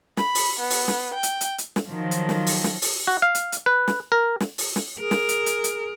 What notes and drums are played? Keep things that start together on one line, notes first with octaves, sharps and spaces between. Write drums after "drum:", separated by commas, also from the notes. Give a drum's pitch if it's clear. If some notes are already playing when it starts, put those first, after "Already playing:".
B5, drum: snare
drum: open hi-hat
B3
drum: open hi-hat
drum: snare
G5
drum: hi-hat
drum: hi-hat
drum: hi-hat
drum: snare
D#3 F3 F#3
drum: hi-hat
drum: snare
drum: open hi-hat
drum: snare
drum: open hi-hat
F#4
F5
drum: hi-hat
drum: hi-hat
B4
drum: snare
A#4
drum: snare
drum: open hi-hat
drum: snare
G#4 A#4
drum: snare
drum: hi-hat
drum: hi-hat
drum: hi-hat